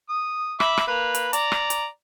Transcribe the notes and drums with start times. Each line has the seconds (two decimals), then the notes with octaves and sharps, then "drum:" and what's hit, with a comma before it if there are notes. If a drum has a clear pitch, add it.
0.10 D#6
0.60 E5 B5 D6, drum: rim click
0.77 drum: rim click
0.87 A#3 B4
1.15 drum: hi-hat
1.33 D5 A#5, drum: hi-hat
1.52 drum: rim click
1.70 drum: hi-hat